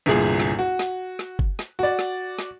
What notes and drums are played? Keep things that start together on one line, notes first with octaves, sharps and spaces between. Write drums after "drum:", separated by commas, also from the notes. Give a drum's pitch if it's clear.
G1 C2 A#2 G#4
drum: snare
F#4
drum: snare
drum: snare
drum: kick F#1
drum: snare
F#4 D5
drum: snare
drum: snare